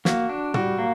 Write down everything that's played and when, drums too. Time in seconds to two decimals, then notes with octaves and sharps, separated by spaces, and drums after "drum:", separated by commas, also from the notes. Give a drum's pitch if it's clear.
0.05 A#3 F#4, drum: snare
0.29 D4
0.54 G3 F#4, drum: tom
0.78 A#3